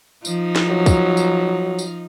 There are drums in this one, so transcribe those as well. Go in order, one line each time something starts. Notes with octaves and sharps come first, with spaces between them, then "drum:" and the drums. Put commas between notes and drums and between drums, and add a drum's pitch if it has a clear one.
F3 D#4, drum: tambourine
drum: snare
F#3
drum: kick, tambourine
drum: tambourine
drum: tambourine